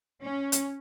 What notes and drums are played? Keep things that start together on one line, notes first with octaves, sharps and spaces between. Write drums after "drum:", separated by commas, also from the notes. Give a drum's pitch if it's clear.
C#4
drum: hi-hat